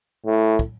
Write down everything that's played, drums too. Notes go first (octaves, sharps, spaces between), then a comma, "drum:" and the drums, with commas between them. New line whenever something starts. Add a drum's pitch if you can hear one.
A2
drum: kick